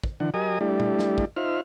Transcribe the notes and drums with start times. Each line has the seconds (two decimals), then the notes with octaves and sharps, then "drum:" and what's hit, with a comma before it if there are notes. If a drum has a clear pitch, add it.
0.04 drum: kick
0.20 D3 E3 D4 F#5
0.34 F#3 G4 A#4 D#5 G#5 D#6
0.61 G3 A3 D4 E4 G4 D5
0.80 drum: tom
0.99 drum: snare
1.18 drum: kick
1.36 D#4 F4 C5 E5 F6